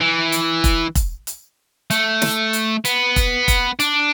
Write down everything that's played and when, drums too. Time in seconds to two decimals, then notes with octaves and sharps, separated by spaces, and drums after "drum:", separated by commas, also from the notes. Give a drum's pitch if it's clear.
0.01 E3
0.32 drum: hi-hat
0.64 drum: kick, hi-hat
0.95 drum: kick, hi-hat
1.27 drum: hi-hat
1.90 A3, drum: hi-hat
2.22 drum: snare
2.53 drum: hi-hat
2.85 B3, drum: hi-hat
3.16 drum: kick, hi-hat
3.48 drum: kick, hi-hat
3.80 D4, drum: hi-hat